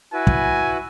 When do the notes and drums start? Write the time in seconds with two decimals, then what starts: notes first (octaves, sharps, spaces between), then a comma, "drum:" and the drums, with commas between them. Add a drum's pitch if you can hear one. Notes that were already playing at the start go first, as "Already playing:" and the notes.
0.13 E4 F#4 B4 G#5
0.27 drum: kick